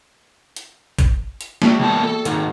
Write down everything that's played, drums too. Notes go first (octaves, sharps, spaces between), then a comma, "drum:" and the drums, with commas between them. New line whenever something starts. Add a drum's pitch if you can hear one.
drum: hi-hat
drum: kick, hi-hat
drum: hi-hat
G#3 A#3, drum: snare
E3 B3 A5
A4
G#2 D#3, drum: hi-hat